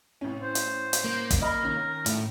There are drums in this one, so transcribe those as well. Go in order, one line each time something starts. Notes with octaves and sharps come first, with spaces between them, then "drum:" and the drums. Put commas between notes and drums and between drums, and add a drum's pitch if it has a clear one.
A1 C#4
C5
drum: hi-hat
drum: hi-hat
A#3
drum: kick, hi-hat
A#4 D#5 B5
D#3 C#4
A2, drum: hi-hat